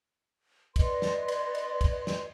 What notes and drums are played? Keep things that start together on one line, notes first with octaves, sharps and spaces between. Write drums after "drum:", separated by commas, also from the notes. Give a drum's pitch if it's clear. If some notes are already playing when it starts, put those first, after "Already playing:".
B4 D5 D#5 C6, drum: kick, cymbal
drum: snare
drum: cymbal
drum: cymbal
drum: kick, cymbal
drum: snare